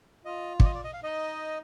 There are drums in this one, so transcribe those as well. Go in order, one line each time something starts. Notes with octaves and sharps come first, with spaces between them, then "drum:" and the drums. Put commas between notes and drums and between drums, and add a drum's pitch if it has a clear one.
F4 D#5
D5, drum: kick
D#5
D5
D#5
F5
D#4 D#5